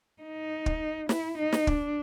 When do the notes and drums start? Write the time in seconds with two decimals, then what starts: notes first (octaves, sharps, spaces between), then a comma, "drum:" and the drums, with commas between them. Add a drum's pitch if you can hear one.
0.23 D#4
0.66 drum: kick
1.09 E4, drum: snare
1.38 D#4
1.52 drum: snare
1.67 D4, drum: kick